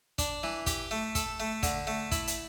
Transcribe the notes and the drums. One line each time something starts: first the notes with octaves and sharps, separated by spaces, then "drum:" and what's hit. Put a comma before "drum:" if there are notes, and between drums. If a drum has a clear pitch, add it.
D4, drum: kick, hi-hat
E3
G4, drum: kick, hi-hat
A3
A4, drum: kick, hi-hat
A3
D3, drum: kick, hi-hat
A3
E4, drum: kick, hi-hat
drum: hi-hat